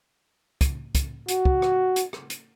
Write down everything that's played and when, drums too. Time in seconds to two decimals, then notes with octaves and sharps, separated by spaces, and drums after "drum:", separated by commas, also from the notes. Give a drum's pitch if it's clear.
0.61 drum: kick, hi-hat
0.95 drum: kick, hi-hat
1.28 F#4, drum: hi-hat
1.45 drum: kick
1.62 drum: rim click
1.96 drum: hi-hat
2.13 drum: rim click
2.30 drum: hi-hat